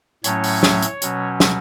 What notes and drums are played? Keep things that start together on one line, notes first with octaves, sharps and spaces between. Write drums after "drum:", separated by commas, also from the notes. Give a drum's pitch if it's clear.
A2 F#3 A3 C#4 C#5, drum: hi-hat
drum: open hi-hat
drum: snare
drum: hi-hat
B2 F#3 C#4, drum: hi-hat
drum: snare